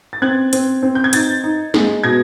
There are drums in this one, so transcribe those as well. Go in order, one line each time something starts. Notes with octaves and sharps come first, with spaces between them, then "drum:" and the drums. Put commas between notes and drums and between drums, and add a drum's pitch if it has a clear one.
A6
C4 F#6 G#6
C4, drum: hi-hat
C4
G6
G#6
D#4 G6 A6, drum: hi-hat
D#4
G#3, drum: snare
B2 G#6 A#6